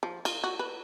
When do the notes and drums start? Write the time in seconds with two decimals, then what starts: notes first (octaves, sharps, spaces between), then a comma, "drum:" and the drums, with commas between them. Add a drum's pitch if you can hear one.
0.03 F3
0.25 F4, drum: cymbal
0.44 F#4
0.59 B4